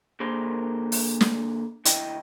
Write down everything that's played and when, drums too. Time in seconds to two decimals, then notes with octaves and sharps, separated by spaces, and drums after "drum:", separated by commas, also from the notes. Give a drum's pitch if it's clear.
0.20 D3 A#3 G#4 A#4 C5
0.92 drum: open hi-hat
1.21 drum: snare
1.85 D2 E4 D#5 G5, drum: hi-hat